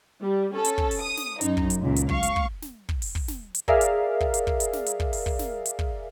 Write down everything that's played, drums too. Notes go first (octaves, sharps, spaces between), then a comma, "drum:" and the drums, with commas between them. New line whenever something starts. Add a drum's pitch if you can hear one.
G3
C#4 A4
drum: hi-hat
drum: kick
drum: open hi-hat
D#6
drum: snare
F#2 D#4, drum: hi-hat
drum: kick
drum: hi-hat
C#2 F#2 A#2
drum: hi-hat
F5 C#6, drum: kick
drum: hi-hat
drum: kick
drum: snare
drum: kick
drum: open hi-hat
drum: kick
drum: snare
drum: hi-hat
G#4 A#4 D5 E5 F5, drum: kick
drum: hi-hat
drum: kick
drum: hi-hat
drum: kick
drum: hi-hat
drum: snare
drum: hi-hat
drum: kick
drum: open hi-hat
drum: kick
drum: snare
drum: hi-hat
drum: kick